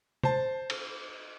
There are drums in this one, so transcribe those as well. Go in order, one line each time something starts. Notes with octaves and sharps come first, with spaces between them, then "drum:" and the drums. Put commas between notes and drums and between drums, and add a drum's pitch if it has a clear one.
C5 A5, drum: tom C3
drum: cymbal